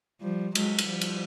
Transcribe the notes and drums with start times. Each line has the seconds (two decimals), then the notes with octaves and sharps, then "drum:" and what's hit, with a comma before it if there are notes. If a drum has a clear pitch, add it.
0.21 F3 G3
0.55 F#3 G#3, drum: cymbal
0.79 drum: cymbal
0.90 F3 G3
1.01 drum: cymbal